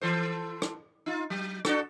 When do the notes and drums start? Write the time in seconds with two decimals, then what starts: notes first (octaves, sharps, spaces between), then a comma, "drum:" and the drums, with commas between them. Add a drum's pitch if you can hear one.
0.01 E3 A4 C5
0.62 drum: rim click
1.06 D#4 F4
1.30 F#3
1.65 D4 F#4 A4, drum: rim click